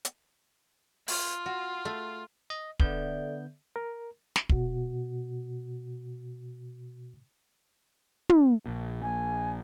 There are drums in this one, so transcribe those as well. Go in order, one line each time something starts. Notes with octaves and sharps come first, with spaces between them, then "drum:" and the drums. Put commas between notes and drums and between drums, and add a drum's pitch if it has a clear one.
drum: hi-hat
F4, drum: open hi-hat
F#4
A3
D#5
D3 B3 A4 D5 E5 G6, drum: kick
A#4
drum: snare
B2 F#4, drum: kick
drum: tom
A#1 A#2
A#1 G#5